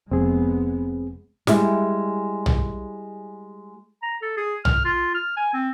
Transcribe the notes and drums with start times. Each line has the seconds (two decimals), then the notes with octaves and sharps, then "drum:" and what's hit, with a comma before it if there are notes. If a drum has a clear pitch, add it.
0.11 F1 G#3 B3 C4 G#4
1.47 G3 G#3 E4, drum: snare
2.46 drum: tom
4.02 A#5
4.22 A4
4.37 G#4
4.65 F6, drum: tom
4.85 F4
5.14 F6
5.37 G#5
5.54 C4